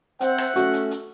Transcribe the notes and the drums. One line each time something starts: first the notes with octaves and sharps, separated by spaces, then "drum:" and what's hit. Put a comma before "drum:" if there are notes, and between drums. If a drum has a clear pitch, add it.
C4 C5 E5 F#5, drum: hi-hat
drum: rim click
A3 C#4 F#4, drum: hi-hat
drum: hi-hat
drum: hi-hat